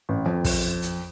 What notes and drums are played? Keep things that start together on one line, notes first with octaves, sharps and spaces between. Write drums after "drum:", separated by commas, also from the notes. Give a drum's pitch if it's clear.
A1
F2
drum: kick, open hi-hat
drum: hi-hat